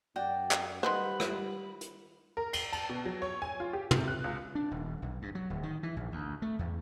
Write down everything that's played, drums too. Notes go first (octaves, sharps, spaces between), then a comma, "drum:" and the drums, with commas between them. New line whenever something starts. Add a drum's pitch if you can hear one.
F#2 F#4 D5 G5
drum: clap
D#3 G3 B4 C5 F#5 B5
drum: rim click
drum: hi-hat
A#4
C7, drum: cymbal
A5, drum: cymbal
B2
F#3
C#5
G#5
F4
G4
C3, drum: tom
F#6
C#2
D4
D#1
B1
G2
F#3
D1
D#3
E3
A#1
D2
A3
E2